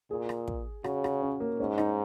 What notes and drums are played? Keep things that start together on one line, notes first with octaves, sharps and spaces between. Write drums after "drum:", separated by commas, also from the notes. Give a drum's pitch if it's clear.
A#2 G#4
drum: rim click
drum: kick
C#3 F#4, drum: rim click
F#4, drum: rim click
C#4
A#3
G#2 C#4
D#4, drum: rim click